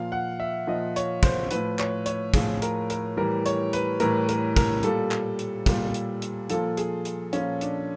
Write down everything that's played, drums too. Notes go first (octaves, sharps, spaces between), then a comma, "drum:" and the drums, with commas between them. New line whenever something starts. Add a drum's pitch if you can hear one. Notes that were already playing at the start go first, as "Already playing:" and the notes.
Already playing: A#2 F3 F5
F#5
E5
A#2 F3 D#5
C#5, drum: hi-hat
C5, drum: kick, hi-hat
A2 F3 B4, drum: hi-hat
C#5, drum: clap
C#5, drum: hi-hat
A2 F3 G#4, drum: kick, hi-hat
A#4, drum: hi-hat
A#4, drum: hi-hat
A2 E3 G3 A#4
C#5, drum: hi-hat
B4, drum: hi-hat
A2 E3 G3 A#4, drum: hi-hat
A#4, drum: hi-hat
A#4, drum: kick, hi-hat
A#2 G3 A4, drum: hi-hat
drum: clap
drum: hi-hat
A#2 G3, drum: kick, hi-hat
drum: hi-hat
drum: hi-hat
A#2 F3 A4, drum: hi-hat
G#4, drum: hi-hat
drum: hi-hat
A#2 F3 C#4, drum: hi-hat
D4, drum: hi-hat